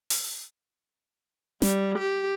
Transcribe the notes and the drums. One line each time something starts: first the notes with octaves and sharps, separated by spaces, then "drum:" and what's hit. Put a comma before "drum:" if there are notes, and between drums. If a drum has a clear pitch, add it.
drum: open hi-hat
G3, drum: snare
G4